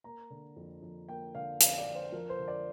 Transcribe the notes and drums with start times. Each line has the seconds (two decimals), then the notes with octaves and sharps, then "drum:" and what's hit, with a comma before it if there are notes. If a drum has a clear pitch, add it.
0.04 A#3 A#5
0.30 D3
0.56 F2
0.82 F2
1.09 A#3 G5
1.34 D3 F5
1.61 F2 F5, drum: hi-hat
1.78 D5
1.86 F2
1.95 C5
2.12 F3 A#4
2.29 C5
2.39 D3
2.48 D5